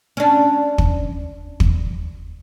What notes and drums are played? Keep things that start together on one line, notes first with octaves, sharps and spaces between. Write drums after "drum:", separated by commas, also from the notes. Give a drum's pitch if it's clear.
C#4 D4
drum: kick
drum: kick